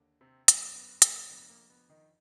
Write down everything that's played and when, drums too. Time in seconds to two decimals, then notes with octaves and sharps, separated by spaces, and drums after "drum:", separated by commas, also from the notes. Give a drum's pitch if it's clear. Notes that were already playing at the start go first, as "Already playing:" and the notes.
Already playing: D#2 D3
0.21 C3 C4
0.48 G1 F#2 D3 B3, drum: hi-hat
0.75 B3
1.02 A#3, drum: hi-hat
1.29 F1 F2 D3 B3
1.49 A#3
1.70 B3
1.89 D#3 D#4